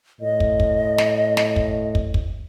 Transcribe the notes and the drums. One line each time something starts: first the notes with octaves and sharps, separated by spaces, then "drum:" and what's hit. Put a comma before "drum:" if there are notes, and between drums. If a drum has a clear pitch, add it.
A2 D#5
drum: kick
drum: kick
drum: snare
drum: snare
drum: kick
drum: kick
drum: kick